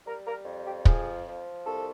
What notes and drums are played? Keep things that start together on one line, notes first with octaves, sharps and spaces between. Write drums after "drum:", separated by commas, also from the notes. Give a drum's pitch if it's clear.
G3 A#4
A#4
F2
G4
F3 G#4, drum: kick
F3
C2 A4